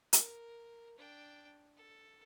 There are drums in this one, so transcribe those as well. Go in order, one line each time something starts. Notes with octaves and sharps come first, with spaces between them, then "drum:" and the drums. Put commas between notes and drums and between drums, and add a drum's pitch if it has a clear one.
A#4, drum: hi-hat
D4 G5
A4